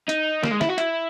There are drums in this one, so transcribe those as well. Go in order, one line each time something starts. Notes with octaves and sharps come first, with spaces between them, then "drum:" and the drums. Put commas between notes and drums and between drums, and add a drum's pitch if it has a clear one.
D#4, drum: hi-hat
A#3, drum: snare
G#3
E4, drum: snare
F#4
E4, drum: hi-hat